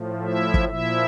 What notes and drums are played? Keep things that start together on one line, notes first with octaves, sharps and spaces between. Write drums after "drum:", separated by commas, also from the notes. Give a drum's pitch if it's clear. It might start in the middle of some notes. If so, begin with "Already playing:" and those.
Already playing: A2 F3
E4 E5
drum: kick
A#2 F3 E4 E5